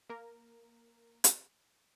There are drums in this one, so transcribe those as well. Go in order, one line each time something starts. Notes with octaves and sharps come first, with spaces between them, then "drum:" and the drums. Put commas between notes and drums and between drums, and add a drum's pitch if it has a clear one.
A#3 A#4
drum: hi-hat